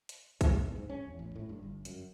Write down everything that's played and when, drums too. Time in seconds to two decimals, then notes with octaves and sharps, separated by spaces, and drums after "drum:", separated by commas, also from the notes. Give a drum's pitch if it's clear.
0.09 drum: hi-hat
0.41 G1, drum: kick, hi-hat
0.60 D1
0.75 G#2
0.90 C#4
1.07 E2
1.19 A1
1.36 A2
1.49 G2
1.63 G1
1.85 F#2, drum: hi-hat